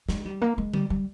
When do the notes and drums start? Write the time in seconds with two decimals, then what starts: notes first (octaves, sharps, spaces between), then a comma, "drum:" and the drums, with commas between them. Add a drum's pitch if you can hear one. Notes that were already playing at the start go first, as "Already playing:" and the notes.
0.09 G#3, drum: snare
0.26 G3
0.41 A#3
0.58 G#3
0.74 G3, drum: tom D3
0.90 G3